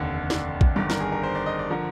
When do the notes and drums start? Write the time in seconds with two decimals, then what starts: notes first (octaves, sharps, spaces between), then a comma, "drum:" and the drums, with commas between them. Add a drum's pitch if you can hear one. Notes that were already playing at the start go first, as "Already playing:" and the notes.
Already playing: F1 D#2 D3
0.30 D5, drum: snare
0.61 drum: kick A#1
0.76 G1 G2 D#3 D5, drum: tom F#3
0.90 A#4, drum: snare
1.00 G#4
1.12 A#4
1.23 C5
1.35 D5
1.46 D#5
1.59 D5
1.70 D3 F3 A#4